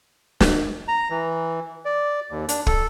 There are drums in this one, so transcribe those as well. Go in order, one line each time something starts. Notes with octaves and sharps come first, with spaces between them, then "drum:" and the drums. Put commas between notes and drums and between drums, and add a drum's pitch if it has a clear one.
drum: snare
A#5
E3
D5
D#2
D4, drum: hi-hat
A4, drum: kick